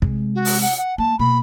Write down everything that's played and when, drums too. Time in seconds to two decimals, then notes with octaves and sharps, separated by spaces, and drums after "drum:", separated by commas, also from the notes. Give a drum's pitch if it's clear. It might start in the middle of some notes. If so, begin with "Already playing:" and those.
0.02 C3 G#3, drum: kick
0.35 F#4
0.45 drum: open hi-hat
0.62 F#5
0.78 F#5
0.98 A#3 A5
1.19 B2 A#3 B5